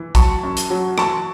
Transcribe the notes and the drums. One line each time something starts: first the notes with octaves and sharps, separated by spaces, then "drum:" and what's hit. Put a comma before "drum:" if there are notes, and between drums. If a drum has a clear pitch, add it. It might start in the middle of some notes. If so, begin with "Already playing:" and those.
Already playing: E3
F#3 A5 C#6, drum: kick, hi-hat
F#2
drum: hi-hat
F#3
E3 A5 C#6, drum: rim click